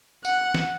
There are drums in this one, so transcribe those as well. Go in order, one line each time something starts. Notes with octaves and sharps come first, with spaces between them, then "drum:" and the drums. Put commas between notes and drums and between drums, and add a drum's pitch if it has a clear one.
F#5, drum: tambourine
drum: snare